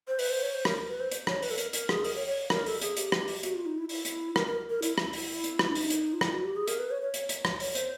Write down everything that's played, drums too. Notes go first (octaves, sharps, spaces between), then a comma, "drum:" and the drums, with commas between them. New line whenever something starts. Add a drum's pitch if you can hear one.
C5
B4, drum: open hi-hat
C5
C#5
C5
A#4, drum: rim click
B4
C5
drum: hi-hat
C#5, drum: rim click
B4, drum: open hi-hat
A4
A#4, drum: hi-hat
A#4, drum: hi-hat
G#4, drum: rim click
A#4, drum: open hi-hat
C#5
C#5
A#4, drum: rim click
A4, drum: open hi-hat
G#4, drum: hi-hat
G4, drum: hi-hat
drum: rim click
drum: open hi-hat
F#4, drum: hi-hat
F4
D#4
E4
E4, drum: open hi-hat
drum: hi-hat
A#4, drum: rim click
A#4
A#4
E4, drum: hi-hat
drum: rim click
drum: open hi-hat
drum: hi-hat
drum: rim click
D4
D#4, drum: open hi-hat
drum: hi-hat
F4
E4, drum: rim click
F#4
G4
G#4
A#4, drum: hi-hat
B4
C#5
C#5
drum: hi-hat
drum: hi-hat
drum: rim click
C#5, drum: open hi-hat
C5, drum: hi-hat